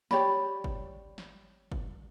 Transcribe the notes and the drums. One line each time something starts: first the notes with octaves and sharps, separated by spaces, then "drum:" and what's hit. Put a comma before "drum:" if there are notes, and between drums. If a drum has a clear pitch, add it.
G4 C#5 D5 B5, drum: snare
drum: kick G1
drum: snare
drum: kick G1